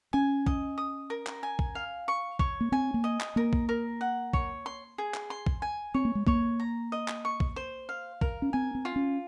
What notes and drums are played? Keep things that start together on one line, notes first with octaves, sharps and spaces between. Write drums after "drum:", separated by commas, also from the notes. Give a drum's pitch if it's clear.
C#4 G#5
D#5, drum: kick
D#6
A#4
drum: clap
G#5
drum: kick
F5
C#6
C#5, drum: kick
A#3
C4 G#5
A#3
D#5
drum: clap
A#3 A#4
drum: kick
A#4
F#5
C#5, drum: kick
C6
G#4
drum: clap
C6
drum: kick
G#5
C4 C#5
A#3
G#3
A#3 C#5, drum: kick
A#5
D#5
drum: clap
C#6
drum: kick
C5
F5
A#4, drum: kick
C#4
C4 G#5
C4
F4
C#4